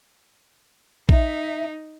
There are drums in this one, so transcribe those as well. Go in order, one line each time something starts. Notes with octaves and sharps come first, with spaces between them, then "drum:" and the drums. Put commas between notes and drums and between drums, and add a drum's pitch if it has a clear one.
D#4 E5, drum: kick